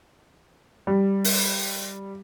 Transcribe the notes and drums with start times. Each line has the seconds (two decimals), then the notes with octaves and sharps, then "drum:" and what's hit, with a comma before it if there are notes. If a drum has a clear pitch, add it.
0.87 G3
1.24 drum: open hi-hat